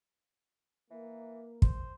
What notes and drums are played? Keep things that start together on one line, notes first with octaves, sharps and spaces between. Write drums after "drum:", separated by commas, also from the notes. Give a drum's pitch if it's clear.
E3 A#3
C5, drum: kick